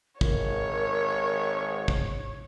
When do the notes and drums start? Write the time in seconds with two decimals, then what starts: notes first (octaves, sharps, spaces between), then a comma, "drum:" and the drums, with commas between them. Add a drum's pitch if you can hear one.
0.21 G#1 A#4 C#5, drum: kick
1.88 drum: kick